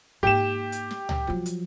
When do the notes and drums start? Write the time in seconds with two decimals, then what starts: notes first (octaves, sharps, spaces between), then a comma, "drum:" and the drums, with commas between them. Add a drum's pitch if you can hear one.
0.23 G#2 A#3 G4 E7
0.72 drum: hi-hat
0.91 drum: snare
1.09 drum: tom C#2
1.27 F3 F#3
1.46 drum: hi-hat